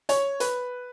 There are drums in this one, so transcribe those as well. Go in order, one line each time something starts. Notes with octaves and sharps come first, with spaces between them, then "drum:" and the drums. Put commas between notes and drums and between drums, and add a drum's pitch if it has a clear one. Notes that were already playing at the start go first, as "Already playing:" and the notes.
C#5, drum: hi-hat
B4, drum: hi-hat